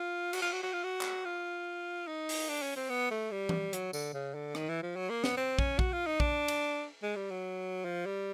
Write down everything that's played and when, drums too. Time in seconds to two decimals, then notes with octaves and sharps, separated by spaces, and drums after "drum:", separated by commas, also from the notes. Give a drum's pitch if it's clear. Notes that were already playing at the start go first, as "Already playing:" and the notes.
Already playing: F4
0.33 F#4, drum: cymbal
0.42 F4
0.52 F#4
0.63 F#4
0.73 F4
0.84 F#4
1.01 drum: clap
1.25 F4
2.07 D#4
2.29 drum: open hi-hat
2.49 D4
2.62 C#4
2.76 C4
2.90 B3
3.11 A3
3.31 G3
3.49 drum: tom E3
3.73 F#3, drum: hi-hat
3.93 D3, drum: tambourine
4.14 C#3
4.34 D3
4.55 D#3, drum: rim click
4.69 E3
4.83 F3
4.96 F#3
5.10 A#3
5.24 B3, drum: snare
5.37 C4
5.59 C#4, drum: kick
5.79 F#4, drum: kick
5.93 F4
6.07 D#4
6.20 D4, drum: kick
6.48 drum: cymbal
7.03 G#3
7.16 G3
7.30 F#3
7.85 F3
8.06 G3